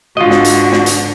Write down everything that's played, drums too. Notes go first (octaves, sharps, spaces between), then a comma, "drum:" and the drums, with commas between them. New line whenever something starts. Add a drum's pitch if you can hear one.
G#2 D3 F4 F#4 D#5
drum: snare
drum: hi-hat
drum: snare
drum: hi-hat